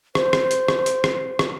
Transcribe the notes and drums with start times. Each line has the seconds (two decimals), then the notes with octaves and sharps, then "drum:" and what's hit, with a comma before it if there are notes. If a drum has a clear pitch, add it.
0.15 C5, drum: rim click
0.33 drum: rim click
0.51 drum: hi-hat
0.68 drum: rim click
0.86 drum: hi-hat
1.04 drum: rim click
1.39 drum: rim click